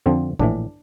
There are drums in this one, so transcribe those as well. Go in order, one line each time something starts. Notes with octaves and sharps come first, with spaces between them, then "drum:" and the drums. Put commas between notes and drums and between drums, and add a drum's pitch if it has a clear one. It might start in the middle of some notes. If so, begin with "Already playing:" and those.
F2 D3 F3 C4
A#1 A2 E3 D4, drum: kick A#1